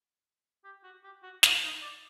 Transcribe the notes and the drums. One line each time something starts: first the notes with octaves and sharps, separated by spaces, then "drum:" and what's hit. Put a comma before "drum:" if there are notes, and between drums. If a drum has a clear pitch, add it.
G4
F#4
G4
F#4
D#4, drum: snare
D#4
D5